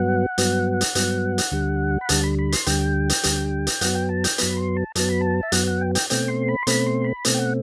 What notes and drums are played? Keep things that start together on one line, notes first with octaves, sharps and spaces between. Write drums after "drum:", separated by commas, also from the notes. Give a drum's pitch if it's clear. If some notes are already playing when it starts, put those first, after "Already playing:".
Already playing: G2 F#3 B3 F#5
G2 F#3 B3, drum: hi-hat
drum: hi-hat
G2 F#3 B3, drum: hi-hat
drum: hi-hat
D2 D3 G3
B5
D2 D3 G3 A5, drum: hi-hat
B5
B5
C6, drum: hi-hat
D2 D3 G3 G5, drum: hi-hat
drum: hi-hat
D2 D3 G3, drum: hi-hat
drum: hi-hat
F#2 F#3 B3 F#5, drum: hi-hat
G5
A5
G5, drum: hi-hat
F#2 F#3 B3 B5, drum: hi-hat
C6
A5
F#2 F#3 B3 A5, drum: hi-hat
B5
A5
E5
F#2 F#3 B3 F#5, drum: hi-hat
F#5
G5
G5, drum: hi-hat
B2 A3 C4 G5, drum: hi-hat
C6
B5
C6
B2 A3 C4 B5, drum: hi-hat
C6
B5
B2 A3 C4, drum: hi-hat
G5
F#5